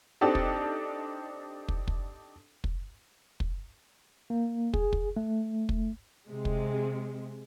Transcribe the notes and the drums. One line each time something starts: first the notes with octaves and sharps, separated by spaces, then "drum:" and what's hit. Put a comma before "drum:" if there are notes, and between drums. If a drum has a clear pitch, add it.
C4 D4 D#4 G4 A4
drum: kick
drum: kick
drum: kick
drum: kick
drum: kick
A#3
G#4, drum: kick
drum: kick
A3
drum: kick
C3 G#3
drum: kick